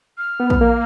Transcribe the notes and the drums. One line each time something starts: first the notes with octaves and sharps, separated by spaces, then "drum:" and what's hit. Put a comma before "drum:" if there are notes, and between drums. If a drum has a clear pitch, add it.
F6
B3
drum: kick
A#3